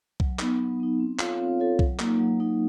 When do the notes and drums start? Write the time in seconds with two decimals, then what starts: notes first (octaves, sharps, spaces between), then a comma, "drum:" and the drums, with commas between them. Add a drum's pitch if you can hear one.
0.20 F#3, drum: kick B1
0.39 B3 D#4, drum: clap
0.60 F#3
0.80 B3 D#4
1.00 C4
1.19 F4 A4 C#5 F5, drum: clap
1.40 C4
1.60 F4 A4 C#5 F5
1.79 F#3, drum: kick B1
1.99 A#3 D#4, drum: clap
2.19 F#3
2.40 A#3 D#4